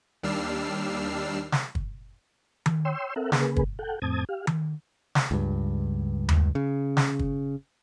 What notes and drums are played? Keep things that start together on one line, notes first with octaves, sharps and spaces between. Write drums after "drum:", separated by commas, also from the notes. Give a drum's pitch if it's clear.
D#2 G3 D4 E6 F6 C7
drum: snare
drum: kick
drum: tom D#3
C#5 G5 C6 E6
C4 A4 A#4 E5 F#5
C#3 A#3 G#4 B4, drum: snare
drum: kick
A4 F#5 G5
F2 A2 C4 A5 D#6 G#6
G4 F5
drum: tom D#3
drum: snare
C#2 G2
drum: tom D#2
C#3
drum: snare
drum: kick